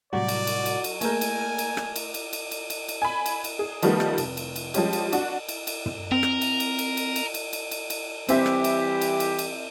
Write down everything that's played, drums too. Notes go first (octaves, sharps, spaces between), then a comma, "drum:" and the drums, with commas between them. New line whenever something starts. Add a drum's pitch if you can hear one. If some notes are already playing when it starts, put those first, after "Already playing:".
A2 C3 F#3 G3 F#4 D5
drum: cymbal
drum: cymbal
drum: cymbal
drum: cymbal
A3 A#3 G#4 A#4 G#5 G6, drum: cymbal
drum: cymbal
drum: cymbal
drum: rim click
drum: cymbal
drum: cymbal
drum: cymbal
drum: cymbal
drum: cymbal
drum: cymbal
G#5 B5
drum: cymbal
drum: cymbal
G#4
D#3 F3 G3 A3 B3 D#4, drum: cymbal
drum: rim click
F1, drum: cymbal
drum: cymbal
drum: cymbal
F3 G3 G#3 C#4 G4, drum: cymbal
drum: cymbal
D4 F#4, drum: cymbal
drum: cymbal
drum: cymbal
drum: tom
C4 A#4
drum: rim click
drum: cymbal
drum: cymbal
drum: cymbal
drum: cymbal
drum: cymbal
drum: cymbal
drum: cymbal
drum: cymbal
drum: cymbal
E3 G3 C4 G4 E5, drum: cymbal
drum: rim click
drum: cymbal
drum: cymbal
drum: cymbal
drum: cymbal